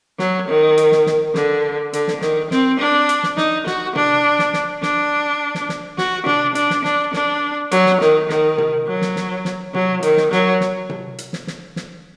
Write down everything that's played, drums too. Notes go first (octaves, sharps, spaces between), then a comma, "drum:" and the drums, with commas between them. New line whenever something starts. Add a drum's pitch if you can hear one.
F#3, drum: snare
D#3
drum: hi-hat
drum: snare
drum: snare
D3, drum: snare
D3, drum: hi-hat
drum: snare
D#3, drum: snare
C4, drum: snare
D4
drum: hi-hat
drum: snare
D#4, drum: snare
F#4, drum: snare
D4, drum: tom C3
drum: snare
drum: snare
D4, drum: snare
drum: snare
drum: snare
F#4, drum: snare
D4, drum: tom C3
D4, drum: hi-hat
drum: snare
D4, drum: snare
D4, drum: snare
F#3, drum: hi-hat
drum: snare
D#3, drum: snare
D#3, drum: snare
drum: tom C3
F#3
drum: snare
drum: snare
drum: snare
F#3, drum: tom C3
D#3, drum: hi-hat
drum: snare
F#3, drum: snare
drum: snare
drum: tom C3
drum: hi-hat
drum: snare
drum: snare
drum: snare